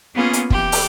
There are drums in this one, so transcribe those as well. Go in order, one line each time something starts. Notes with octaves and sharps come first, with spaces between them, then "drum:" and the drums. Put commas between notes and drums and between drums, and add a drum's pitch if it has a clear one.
A#3 B3 C#4 F4 G#4
drum: hi-hat
E3 G4, drum: kick
drum: open hi-hat